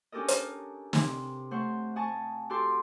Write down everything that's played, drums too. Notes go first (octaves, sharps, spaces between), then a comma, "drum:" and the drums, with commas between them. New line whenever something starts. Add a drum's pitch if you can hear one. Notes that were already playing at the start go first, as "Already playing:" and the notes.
C#4 D4 G4 A4 A#4 D#5
drum: hi-hat
C3, drum: snare
A3 C5 F#5 C#6
D#5 F#5 G#5 A5 C#6
F#4 G4 A4 C6 D6